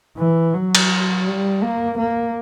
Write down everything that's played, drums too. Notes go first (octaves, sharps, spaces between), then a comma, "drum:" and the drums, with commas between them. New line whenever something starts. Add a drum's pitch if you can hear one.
E3
F#3
drum: cymbal
G3
A#3
A#3